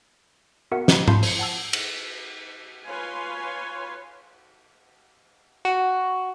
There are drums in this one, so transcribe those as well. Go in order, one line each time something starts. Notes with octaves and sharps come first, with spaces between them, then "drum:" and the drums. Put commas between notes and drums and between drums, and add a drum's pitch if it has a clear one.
B3 F#4 A#4 E5 F#5
B4 D#5 A#5 B5, drum: snare
F5 A5 B5 C6 G6 C7, drum: tom
C5 C#7, drum: open hi-hat
F#5 A5 E6
drum: cymbal
F4 B4 C#5 F5 G#5 C6
F#4